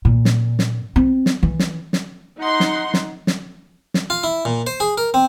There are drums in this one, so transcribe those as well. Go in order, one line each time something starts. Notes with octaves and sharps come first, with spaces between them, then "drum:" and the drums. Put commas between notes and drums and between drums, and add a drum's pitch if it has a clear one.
A#2
drum: snare
drum: snare
C4
drum: snare
E3
drum: snare
drum: snare
D#4 F#5 C6
drum: snare
drum: snare
drum: snare
drum: snare
F4
E4
A#2
C5
G#4
A#4
C4